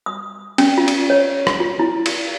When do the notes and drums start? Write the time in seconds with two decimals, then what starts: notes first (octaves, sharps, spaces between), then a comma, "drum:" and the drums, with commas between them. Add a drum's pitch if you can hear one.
0.06 D#6
0.58 C#4, drum: cymbal
0.78 F4
0.88 drum: cymbal
1.10 C#5
1.47 drum: rim click
1.60 F4
1.79 E4
2.06 drum: cymbal